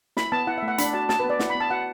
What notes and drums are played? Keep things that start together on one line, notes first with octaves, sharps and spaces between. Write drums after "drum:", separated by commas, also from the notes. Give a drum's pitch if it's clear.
E4 B5, drum: snare
B3 A5
E4 F#5
E5
A3
F#5
D4 B5, drum: hi-hat
F#4 A5
F#4 A5, drum: snare
B4
B3
D5
E4 F#5, drum: snare
B5
B3
A5
F#4 F#5